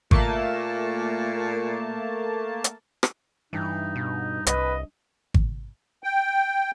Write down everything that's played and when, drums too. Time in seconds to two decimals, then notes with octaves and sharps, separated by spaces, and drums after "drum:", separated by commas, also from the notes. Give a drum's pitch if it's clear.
0.11 A#2 A3 A#3 A5, drum: kick G#1
2.64 drum: hi-hat
3.03 drum: rim click
3.53 G2 E3 D#4
3.96 B2
4.47 C2 B4 D#5, drum: hi-hat
5.34 drum: kick G#1
6.04 G5